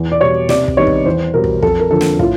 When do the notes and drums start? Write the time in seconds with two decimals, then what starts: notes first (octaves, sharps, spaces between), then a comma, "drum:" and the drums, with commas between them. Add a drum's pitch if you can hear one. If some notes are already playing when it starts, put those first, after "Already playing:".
Already playing: E2
0.12 D5
0.21 B2 G3 C#5
0.49 C3 D5, drum: snare
0.68 drum: kick
0.77 D#3 G3 B3 D#4 C#5
0.87 drum: kick
1.06 E2 C5
1.34 B2 G3 A#4
1.44 drum: kick
1.62 F2 A4, drum: kick
1.79 A#4
1.91 D3 F3 A4
2.01 drum: snare
2.19 A2 F4, drum: kick